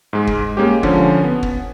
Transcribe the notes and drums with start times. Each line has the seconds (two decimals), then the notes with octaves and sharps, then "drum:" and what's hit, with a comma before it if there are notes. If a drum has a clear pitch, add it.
0.13 G#2 G#3
0.27 drum: kick
0.57 G#3 A#3 C#4 G4
0.83 D3 F3 C#4, drum: kick
1.24 B3
1.43 drum: kick